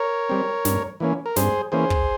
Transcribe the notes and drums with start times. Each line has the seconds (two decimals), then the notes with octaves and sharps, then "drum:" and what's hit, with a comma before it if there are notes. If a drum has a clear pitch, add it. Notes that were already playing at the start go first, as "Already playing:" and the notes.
Already playing: A#4 C#5
0.29 G3 C4
0.65 G2, drum: snare
1.00 E3 A#3 C#4
1.26 A#4
1.36 G2 G#4 C5, drum: snare
1.72 E3 A#3 C#4 G#4 C5
1.90 drum: kick